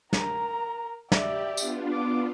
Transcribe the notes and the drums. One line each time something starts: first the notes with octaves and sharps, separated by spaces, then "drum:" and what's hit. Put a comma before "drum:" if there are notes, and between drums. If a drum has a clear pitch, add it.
A#4 A#5, drum: snare
G4 D5 E5, drum: snare
B3 D4 F4, drum: tambourine
D6